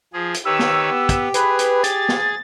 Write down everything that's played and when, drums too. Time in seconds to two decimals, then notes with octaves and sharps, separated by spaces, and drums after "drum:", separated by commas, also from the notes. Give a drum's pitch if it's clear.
0.13 F3 G#4
0.34 drum: hi-hat
0.45 D#3 G4 B4 C#5 E6
0.59 drum: snare
0.90 B3
1.09 drum: kick, hi-hat
1.34 G#4 B4, drum: hi-hat
1.59 drum: hi-hat
1.84 A6, drum: hi-hat
2.09 drum: snare